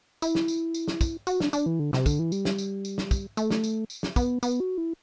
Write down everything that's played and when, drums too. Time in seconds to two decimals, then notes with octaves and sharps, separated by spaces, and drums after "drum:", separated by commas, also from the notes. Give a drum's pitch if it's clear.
0.22 E4, drum: tambourine
0.35 drum: snare
0.48 drum: tambourine
0.74 drum: tambourine
0.88 drum: snare
1.01 drum: kick, tambourine
1.27 F#4, drum: tambourine
1.40 D4, drum: snare
1.53 D4, drum: tambourine
1.66 E3
1.79 D3
1.93 C3, drum: snare
2.06 D3, drum: kick, tambourine
2.19 E3
2.32 G3, drum: tambourine
2.45 drum: snare
2.58 drum: tambourine
2.85 drum: tambourine
2.98 drum: snare
3.11 drum: kick, tambourine
3.37 A3, drum: tambourine
3.50 drum: snare
3.64 drum: tambourine
3.90 drum: tambourine
4.03 drum: snare
4.16 B3, drum: kick, tambourine
4.43 B3, drum: tambourine
4.60 F#4
4.78 E4